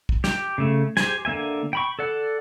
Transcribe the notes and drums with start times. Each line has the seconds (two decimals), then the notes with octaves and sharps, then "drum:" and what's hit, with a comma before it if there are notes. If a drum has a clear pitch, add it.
0.09 drum: kick
0.24 G4, drum: snare
0.58 C#3 A3
0.97 G4 G#4 C5 G#5, drum: snare
1.25 D3 A#3 E5 G#5
1.73 G5 B5 C#6
1.99 A4 D5 F#5